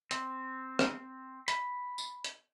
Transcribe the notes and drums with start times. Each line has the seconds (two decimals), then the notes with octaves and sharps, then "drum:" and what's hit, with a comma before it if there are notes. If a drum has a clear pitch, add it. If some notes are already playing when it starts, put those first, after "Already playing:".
0.11 C4, drum: hi-hat
0.79 drum: rim click
1.48 B5, drum: hi-hat
1.98 drum: tambourine
2.24 drum: hi-hat